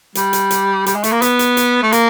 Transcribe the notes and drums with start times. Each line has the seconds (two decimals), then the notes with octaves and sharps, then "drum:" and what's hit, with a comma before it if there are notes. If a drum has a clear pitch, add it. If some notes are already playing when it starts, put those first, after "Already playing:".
0.15 G3, drum: hi-hat
0.33 drum: hi-hat
0.51 drum: hi-hat
0.86 G3, drum: hi-hat
0.95 G#3
1.04 A3, drum: hi-hat
1.12 A#3
1.22 B3, drum: hi-hat
1.39 drum: hi-hat
1.57 drum: hi-hat
1.83 A3
1.92 A#3, drum: hi-hat